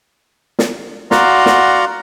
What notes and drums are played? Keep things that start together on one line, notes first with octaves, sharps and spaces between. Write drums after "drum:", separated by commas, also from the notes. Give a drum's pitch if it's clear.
drum: snare
F#4 D5 F5 F#5 A#5 C6, drum: snare
drum: snare